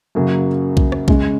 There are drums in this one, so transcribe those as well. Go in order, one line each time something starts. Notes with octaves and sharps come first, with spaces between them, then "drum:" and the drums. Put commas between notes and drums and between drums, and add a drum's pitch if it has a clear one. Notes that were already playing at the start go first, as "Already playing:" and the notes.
F#2 C#3 F#3 A#3
drum: kick B1
drum: rim click
C#3 G#3 C#4, drum: kick B1